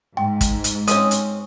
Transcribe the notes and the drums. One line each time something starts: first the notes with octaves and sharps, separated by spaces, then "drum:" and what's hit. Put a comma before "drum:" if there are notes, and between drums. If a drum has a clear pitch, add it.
G#2 G5
drum: kick G#1, hi-hat
drum: hi-hat
G#3 C4 C#4 D#6 D#7, drum: hi-hat
drum: hi-hat